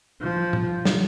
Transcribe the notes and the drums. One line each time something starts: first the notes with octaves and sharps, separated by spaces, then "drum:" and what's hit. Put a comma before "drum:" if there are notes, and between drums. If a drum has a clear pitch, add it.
F3
drum: tom A#2
drum: snare